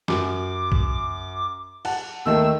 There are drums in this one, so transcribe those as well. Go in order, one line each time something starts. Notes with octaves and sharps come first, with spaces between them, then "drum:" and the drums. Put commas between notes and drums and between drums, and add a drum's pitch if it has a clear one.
F#2 D6, drum: snare
drum: kick A#1
F#5 A5, drum: cymbal
D#2 D#3 A3 E6